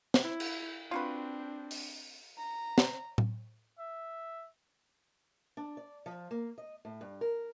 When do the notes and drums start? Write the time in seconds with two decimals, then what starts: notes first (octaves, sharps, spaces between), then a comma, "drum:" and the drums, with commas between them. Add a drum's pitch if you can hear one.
0.14 drum: snare
0.23 E4
0.40 drum: cymbal
0.91 C4 D4 F4 F#4 B4
1.71 drum: open hi-hat
2.37 A#5
2.78 drum: snare
3.18 drum: tom A2
3.79 E5
5.57 D4
5.77 D5
6.06 F3
6.31 A#3
6.58 D#5
6.85 A2
7.01 G2
7.21 A#4